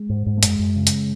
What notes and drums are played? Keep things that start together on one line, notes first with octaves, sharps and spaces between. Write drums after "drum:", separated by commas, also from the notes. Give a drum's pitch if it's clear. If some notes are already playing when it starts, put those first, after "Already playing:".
Already playing: G#3
G#2
G#2
A3
F#2 G#3, drum: hi-hat
F#2
C#3
drum: hi-hat